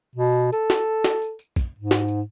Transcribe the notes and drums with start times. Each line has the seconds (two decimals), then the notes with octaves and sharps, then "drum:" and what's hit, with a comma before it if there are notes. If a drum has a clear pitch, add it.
0.15 B2
0.53 A4, drum: tambourine
0.70 drum: snare
1.04 drum: snare
1.22 drum: tambourine
1.39 drum: tambourine
1.56 drum: kick, tambourine
1.79 G#2
1.91 drum: snare
2.08 drum: tambourine